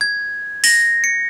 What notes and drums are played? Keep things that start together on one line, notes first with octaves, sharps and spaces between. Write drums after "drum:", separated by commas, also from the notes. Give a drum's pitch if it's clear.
G#6
A#6, drum: open hi-hat
C#7